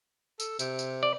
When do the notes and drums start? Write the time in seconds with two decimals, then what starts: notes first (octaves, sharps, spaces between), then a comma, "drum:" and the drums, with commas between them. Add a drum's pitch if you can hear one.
0.40 A4, drum: tambourine
0.59 C3, drum: tambourine
0.79 drum: tambourine
1.03 D5